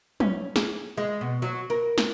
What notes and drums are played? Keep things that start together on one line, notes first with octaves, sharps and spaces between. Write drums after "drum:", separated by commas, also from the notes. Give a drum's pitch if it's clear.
C#4, drum: tom
G#4, drum: snare
G#3
B2
F#3
A#4
drum: snare